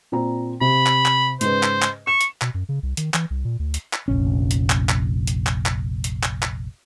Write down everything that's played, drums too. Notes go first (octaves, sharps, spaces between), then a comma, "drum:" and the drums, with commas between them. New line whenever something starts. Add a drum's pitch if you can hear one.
A#2 C4 A#5
C3 B5
drum: clap
drum: clap
G#2 C#3 B4 C5, drum: hi-hat
drum: clap
drum: clap
C#6 E7
drum: hi-hat
B2, drum: clap
F#2
C#3
C2
D#3, drum: hi-hat
E3, drum: clap
C2
A#2
D2
drum: hi-hat
drum: clap
F1 A#1 C#4
drum: hi-hat
drum: clap
drum: clap
drum: hi-hat
drum: clap
drum: clap
drum: hi-hat
drum: clap
drum: clap